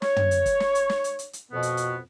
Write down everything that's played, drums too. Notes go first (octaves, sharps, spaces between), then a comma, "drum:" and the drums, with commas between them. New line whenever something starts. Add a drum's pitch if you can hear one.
C#5, drum: snare
drum: tom
drum: hi-hat
drum: kick, hi-hat
drum: snare
drum: hi-hat
drum: snare
drum: hi-hat
drum: hi-hat
drum: hi-hat
F2 B2 B3
drum: hi-hat
drum: hi-hat